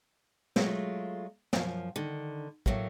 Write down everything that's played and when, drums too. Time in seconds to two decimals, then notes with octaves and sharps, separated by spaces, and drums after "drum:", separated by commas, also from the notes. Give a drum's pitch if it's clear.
0.56 F#3 G#3 A3 F4, drum: snare
1.53 F#2 F3, drum: snare
1.96 D3 D#3
2.66 A2 F#3 A3 A#3, drum: kick